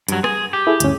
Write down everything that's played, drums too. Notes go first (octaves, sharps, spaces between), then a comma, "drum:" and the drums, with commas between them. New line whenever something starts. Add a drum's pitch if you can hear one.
G2 F#3, drum: hi-hat
G#4, drum: rim click
G4
E4 G#4 A4
D2 G2 C#4, drum: hi-hat